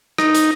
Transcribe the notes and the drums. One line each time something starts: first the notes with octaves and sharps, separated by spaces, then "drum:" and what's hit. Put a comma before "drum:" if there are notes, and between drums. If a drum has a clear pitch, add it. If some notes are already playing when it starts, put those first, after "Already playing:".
D#4, drum: rim click
drum: hi-hat